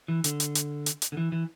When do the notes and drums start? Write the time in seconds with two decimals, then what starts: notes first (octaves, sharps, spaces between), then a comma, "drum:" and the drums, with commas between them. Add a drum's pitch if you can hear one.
0.08 E3
0.24 D3, drum: hi-hat
0.40 drum: hi-hat
0.55 drum: hi-hat
0.86 drum: hi-hat
1.02 drum: hi-hat
1.12 D3
1.17 E3
1.32 E3